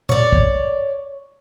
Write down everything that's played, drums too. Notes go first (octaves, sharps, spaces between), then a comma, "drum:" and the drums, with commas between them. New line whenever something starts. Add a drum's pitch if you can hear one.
C#5 D5, drum: tom A#2
drum: kick